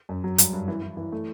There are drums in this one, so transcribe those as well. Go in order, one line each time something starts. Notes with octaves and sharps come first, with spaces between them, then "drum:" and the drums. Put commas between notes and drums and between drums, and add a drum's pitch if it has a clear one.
F#2
F#3
G2, drum: hi-hat
G2
E3
E3
E3
A3